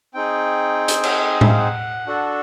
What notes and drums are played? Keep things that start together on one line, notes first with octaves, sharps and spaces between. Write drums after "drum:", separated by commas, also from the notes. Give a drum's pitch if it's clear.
C4 D#4 G#4 G5
drum: hi-hat
drum: cymbal
D#5
E5, drum: tom A2
F5
F#5
D4 F#4 A4